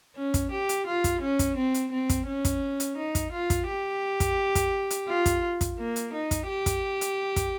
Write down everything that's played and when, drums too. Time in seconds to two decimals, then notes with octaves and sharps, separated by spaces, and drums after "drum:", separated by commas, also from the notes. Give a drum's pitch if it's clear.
0.16 C#4
0.34 drum: kick, hi-hat
0.52 G4
0.69 drum: hi-hat
0.87 F4
1.04 drum: kick, hi-hat
1.21 C#4
1.39 drum: kick, hi-hat
1.57 C4
1.74 drum: hi-hat
1.92 C4
2.09 drum: kick, hi-hat
2.27 C#4
2.45 drum: kick, hi-hat
2.80 drum: hi-hat
2.98 D#4
3.15 drum: kick, hi-hat
3.32 F4
3.50 drum: kick, hi-hat
3.68 G4
4.20 drum: kick, hi-hat
4.55 drum: kick, hi-hat
4.90 drum: hi-hat
5.08 F4
5.26 drum: kick, hi-hat
5.61 drum: kick, hi-hat
5.79 A#3
5.96 drum: hi-hat
6.14 D#4
6.31 drum: kick, hi-hat
6.48 G4
6.66 drum: kick, hi-hat
7.01 drum: hi-hat
7.36 drum: kick, hi-hat